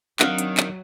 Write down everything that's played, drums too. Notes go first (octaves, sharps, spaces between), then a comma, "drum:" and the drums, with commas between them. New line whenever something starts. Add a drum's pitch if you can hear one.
D#3 F#3 C4 D4 F5 F#5, drum: clap
drum: hi-hat
drum: clap